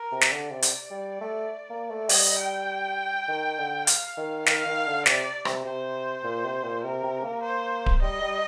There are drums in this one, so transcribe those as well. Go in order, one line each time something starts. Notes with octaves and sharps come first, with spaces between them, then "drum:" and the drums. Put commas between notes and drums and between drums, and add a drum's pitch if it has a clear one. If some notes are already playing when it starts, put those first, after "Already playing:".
Already playing: A#4
C3
drum: snare
D3 D5
C3
drum: hi-hat
G3
A3
A#3
A3
G3 D#5, drum: open hi-hat
G5
D#3
D3
F5, drum: hi-hat
D#3
D#3 F5, drum: snare
D#3
D3
C3 D5, drum: snare
C3, drum: rim click
C3 C5
A#2
C3
A#2
C3 A#4
C3
A#3
C5
drum: kick D1
G3 D#5
G3